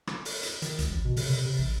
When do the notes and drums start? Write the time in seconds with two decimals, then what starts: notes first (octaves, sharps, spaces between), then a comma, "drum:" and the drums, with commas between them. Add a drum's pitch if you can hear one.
0.07 drum: rim click
0.25 drum: open hi-hat
0.43 drum: hi-hat
0.62 D#3, drum: hi-hat
0.79 C#2, drum: hi-hat
0.91 A1
1.05 B2
1.17 C3, drum: open hi-hat
1.30 C3
1.46 C3
1.58 A1